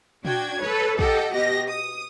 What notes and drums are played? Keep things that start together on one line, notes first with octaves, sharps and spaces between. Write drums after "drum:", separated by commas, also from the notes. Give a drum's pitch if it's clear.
D4 F#4 G5 G#6, drum: tom A#2
A4 B4 C#5
G4 A4 D#5 F#5 G5, drum: kick
B2 G4 D#5 A#6
D#6